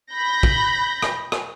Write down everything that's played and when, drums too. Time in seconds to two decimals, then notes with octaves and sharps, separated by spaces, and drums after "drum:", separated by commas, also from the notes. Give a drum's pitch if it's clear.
0.14 B5 G6 A#6
0.43 drum: kick
1.03 drum: rim click
1.32 drum: rim click